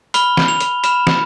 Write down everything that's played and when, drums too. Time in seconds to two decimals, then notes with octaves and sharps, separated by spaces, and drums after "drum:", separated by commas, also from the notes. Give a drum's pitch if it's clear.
0.14 B5 F6 G7, drum: hi-hat
0.37 drum: snare
0.48 F7
0.60 drum: hi-hat
0.84 B5 F6 E7, drum: hi-hat
1.07 drum: snare